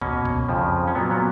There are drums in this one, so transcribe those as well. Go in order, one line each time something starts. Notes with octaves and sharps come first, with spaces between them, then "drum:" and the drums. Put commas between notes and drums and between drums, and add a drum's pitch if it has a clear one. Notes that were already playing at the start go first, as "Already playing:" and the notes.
B2 A#3 C#4, drum: kick C2
drum: kick C2
F2 C#3 F3
C#4
A#2 F#3 A#3 B3
B3